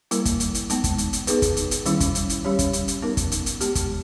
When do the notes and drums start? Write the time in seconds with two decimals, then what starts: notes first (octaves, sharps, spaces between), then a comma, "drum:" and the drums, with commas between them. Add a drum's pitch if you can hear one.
0.11 G3 A#3 E4 A#4, drum: hi-hat
0.25 drum: kick, hi-hat
0.40 drum: hi-hat
0.55 drum: hi-hat
0.70 G#3 B3 D#4, drum: hi-hat
0.84 drum: kick, hi-hat
0.98 drum: hi-hat
1.13 drum: hi-hat
1.27 B3 D#4 G#4 B4, drum: hi-hat
1.42 drum: kick, hi-hat
1.57 drum: hi-hat
1.71 drum: hi-hat
1.85 D#3 G3 C#4 E4, drum: hi-hat
2.00 drum: kick, hi-hat
2.15 drum: hi-hat
2.30 drum: hi-hat
2.44 G3 C#4 G4 C#5
2.59 drum: kick, hi-hat
2.73 drum: hi-hat
2.88 drum: hi-hat
3.02 B3 D#4 A#4
3.17 drum: kick, hi-hat
3.32 drum: hi-hat
3.46 drum: hi-hat
3.61 G#3 B3 G4, drum: hi-hat
3.75 drum: kick, hi-hat